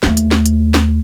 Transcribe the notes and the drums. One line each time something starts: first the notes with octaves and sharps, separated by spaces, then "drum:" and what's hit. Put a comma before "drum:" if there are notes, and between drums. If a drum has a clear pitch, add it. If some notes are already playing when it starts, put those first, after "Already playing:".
D#2 A3, drum: snare
drum: hi-hat
drum: snare
drum: hi-hat
drum: snare